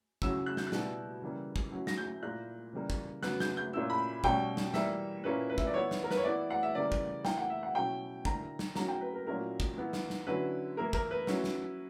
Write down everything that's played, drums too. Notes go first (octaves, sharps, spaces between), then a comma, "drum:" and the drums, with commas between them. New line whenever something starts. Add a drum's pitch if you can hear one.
C#3 F#3 C#4 E4 E6, drum: kick
F#6
G6, drum: snare
F#6
B2 G3 B3 E4, drum: snare
C#3 E3 G3 A#3
drum: kick
F#3 C#4 E4
A#6, drum: snare
G6
A#2 A#3 E4 F#6
C#3 E3 G3 A#3
drum: kick
C#3 F#3 B3 F#6, drum: snare
G6, drum: snare
G6
A#2 A#3 C#4 E4 E6
B5
B2 G3 C#4 G5, drum: kick
drum: snare
E3 G3 A#3 E5, drum: snare
A#2 A#3 C#4 E4 B4
B4
E5, drum: kick
D5
E3 B3 E4 C#5
drum: snare
A#4
B4, drum: snare
C#5
E3 B3 E4 D5
F#5
E5
C#3 E3 G3 A#3 D5
drum: kick
E3 A#3 E4 G5, drum: snare
F#5
E5
F#5
B2 F#3 C#4 E4 G5
D3 A#3 E4 A#5, drum: kick
drum: snare
F#3 A#3 C#4 E4 A#5, drum: snare
G5
B4
A#4
A#2 F#3 A#3 C#4 E4 A#4
drum: kick
E3 B3 E4
drum: snare
drum: snare
D3 F#3 C#4 E4 B4
E3 A#3 E4 A#4
A#4, drum: kick
B4
F#3 C#4 E4, drum: snare
drum: snare